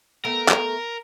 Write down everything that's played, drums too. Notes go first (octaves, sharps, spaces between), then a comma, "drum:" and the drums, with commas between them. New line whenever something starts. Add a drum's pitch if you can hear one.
A3 B3 A#4
drum: clap